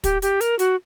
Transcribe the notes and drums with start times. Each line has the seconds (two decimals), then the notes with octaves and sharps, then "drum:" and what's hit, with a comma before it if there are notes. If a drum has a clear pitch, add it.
0.04 G4, drum: kick, hi-hat
0.22 G4, drum: hi-hat
0.41 A#4, drum: hi-hat
0.59 F#4, drum: hi-hat